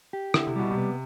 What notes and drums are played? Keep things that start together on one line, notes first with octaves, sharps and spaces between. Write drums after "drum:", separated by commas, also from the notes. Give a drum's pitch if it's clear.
G4
D3 E4, drum: rim click
C3
B2 G3
C3
B3